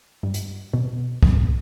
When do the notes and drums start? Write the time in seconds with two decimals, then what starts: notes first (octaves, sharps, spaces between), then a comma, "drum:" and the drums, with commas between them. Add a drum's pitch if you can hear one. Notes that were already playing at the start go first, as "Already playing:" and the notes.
0.23 G2
0.34 drum: hi-hat
0.74 B2
1.23 drum: kick